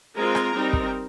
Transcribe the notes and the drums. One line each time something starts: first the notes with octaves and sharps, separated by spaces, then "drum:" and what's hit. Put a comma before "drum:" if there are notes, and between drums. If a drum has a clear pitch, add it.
G#3 C4 F4 A#4 A#5
drum: rim click
G3 C4 D#4
drum: kick